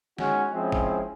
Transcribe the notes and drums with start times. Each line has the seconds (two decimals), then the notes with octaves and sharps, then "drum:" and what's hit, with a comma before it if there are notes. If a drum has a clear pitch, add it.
0.18 G#3 C#4 D#4 F#4, drum: snare
0.52 F3 G#3 C4 C#4 E4
0.72 drum: kick G1